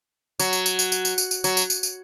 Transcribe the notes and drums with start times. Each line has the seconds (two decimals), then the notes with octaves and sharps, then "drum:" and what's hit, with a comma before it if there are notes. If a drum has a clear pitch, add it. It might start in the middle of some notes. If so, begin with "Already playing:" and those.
0.40 F#3, drum: tambourine
0.53 drum: tambourine
0.66 drum: tambourine
0.79 drum: tambourine
0.92 drum: tambourine
1.05 drum: tambourine
1.18 drum: tambourine
1.31 drum: tambourine
1.44 F#3, drum: tambourine
1.57 drum: tambourine
1.70 drum: tambourine
1.83 drum: tambourine